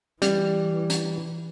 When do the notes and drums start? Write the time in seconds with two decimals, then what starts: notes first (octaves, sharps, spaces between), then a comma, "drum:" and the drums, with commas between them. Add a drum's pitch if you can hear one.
0.22 E3 G3, drum: hi-hat
0.90 drum: hi-hat